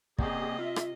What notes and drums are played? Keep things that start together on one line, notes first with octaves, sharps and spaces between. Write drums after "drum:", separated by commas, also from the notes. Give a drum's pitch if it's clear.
C3 A#3 G4 G#4 D5 D#5 F#5, drum: kick
F4 E5
drum: rim click